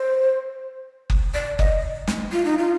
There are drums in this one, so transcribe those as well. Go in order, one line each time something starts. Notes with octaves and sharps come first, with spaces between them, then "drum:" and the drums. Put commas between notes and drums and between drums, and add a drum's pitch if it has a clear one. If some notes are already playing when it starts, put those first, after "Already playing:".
Already playing: C5
drum: kick F#1
D5
D#5, drum: kick F#1
drum: snare
F4
D#4
F4